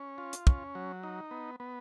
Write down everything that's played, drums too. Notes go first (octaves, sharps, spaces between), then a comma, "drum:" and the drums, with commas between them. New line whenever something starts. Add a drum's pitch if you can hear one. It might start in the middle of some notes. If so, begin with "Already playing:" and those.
Already playing: C#4
F4
drum: hi-hat
C#4, drum: kick
F#3
D#4
B3
B3